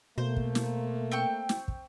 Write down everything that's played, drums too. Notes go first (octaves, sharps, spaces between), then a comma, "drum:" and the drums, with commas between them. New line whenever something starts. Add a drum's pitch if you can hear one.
B2 A3 A#3 C5
drum: kick
drum: snare
C4 G5 C#6
drum: snare
drum: kick